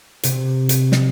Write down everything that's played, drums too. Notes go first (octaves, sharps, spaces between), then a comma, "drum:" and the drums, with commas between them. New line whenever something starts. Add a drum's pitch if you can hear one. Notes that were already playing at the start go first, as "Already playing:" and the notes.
C3, drum: hi-hat
drum: hi-hat
drum: snare